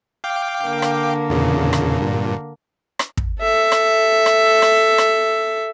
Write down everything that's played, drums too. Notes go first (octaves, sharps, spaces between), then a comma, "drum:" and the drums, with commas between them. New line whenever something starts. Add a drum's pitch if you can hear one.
F5 G5 D6
D3 A#3 D4
drum: rim click
E2 A#2 C#3
drum: rim click
G2 A#2
drum: rim click
drum: kick
A4 E5
drum: rim click
drum: rim click
drum: rim click
drum: rim click